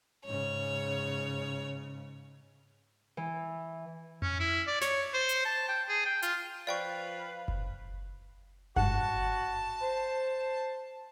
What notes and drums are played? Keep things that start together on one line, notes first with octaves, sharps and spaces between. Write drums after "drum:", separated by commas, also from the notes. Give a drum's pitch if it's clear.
G#2 C#3 C#5
E3
C#4, drum: tom F2
E4
D5
C#5, drum: snare
C5
drum: hi-hat
A5
G5
G#4
G5
F4, drum: hi-hat
F3 B4 D5 F5 G5 C#6
drum: kick F#1
G1 G#2 F#4 F#5 A5, drum: kick F#1
C5